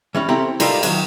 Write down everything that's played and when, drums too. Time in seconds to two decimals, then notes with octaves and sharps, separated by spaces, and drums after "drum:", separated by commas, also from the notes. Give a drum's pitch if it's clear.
0.15 E3 G3 C#4
0.29 C4 E4 G4 A4 A#5
0.60 G3 D#4 F4 G4 A4 A#4, drum: cymbal
0.83 D#3 E3 F#3, drum: cymbal